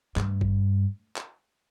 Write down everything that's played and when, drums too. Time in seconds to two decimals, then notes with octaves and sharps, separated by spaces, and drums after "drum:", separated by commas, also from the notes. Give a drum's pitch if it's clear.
0.16 G2, drum: clap
0.41 drum: kick G#1
1.16 drum: clap